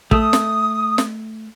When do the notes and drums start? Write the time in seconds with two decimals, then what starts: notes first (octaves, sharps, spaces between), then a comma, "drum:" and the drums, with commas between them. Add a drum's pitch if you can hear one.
0.11 A3 D#6, drum: kick
0.33 drum: snare
0.98 drum: snare